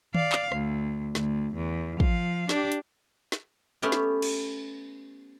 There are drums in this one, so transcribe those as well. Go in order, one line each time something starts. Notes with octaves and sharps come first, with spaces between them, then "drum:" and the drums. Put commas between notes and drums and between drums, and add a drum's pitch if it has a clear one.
D5 F5, drum: tom D#3
drum: clap
D2, drum: rim click
D2, drum: snare
E2
F3 F5, drum: kick
D4 G4, drum: snare
drum: hi-hat
drum: snare
A3 B3 C#4 G4
drum: snare
drum: cymbal